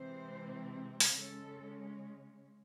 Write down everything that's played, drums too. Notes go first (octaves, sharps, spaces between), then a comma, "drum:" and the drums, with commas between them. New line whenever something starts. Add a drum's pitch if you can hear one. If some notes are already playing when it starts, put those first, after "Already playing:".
Already playing: C3 E3 G#3 C4 C5
drum: open hi-hat
C#3 G#3 C#4 A4